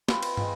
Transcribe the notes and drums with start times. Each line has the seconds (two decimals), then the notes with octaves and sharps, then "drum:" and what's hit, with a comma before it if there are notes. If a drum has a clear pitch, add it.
0.08 C4 F4 B4 B5, drum: snare
0.23 drum: cymbal
0.37 G#3 C4 F4, drum: tom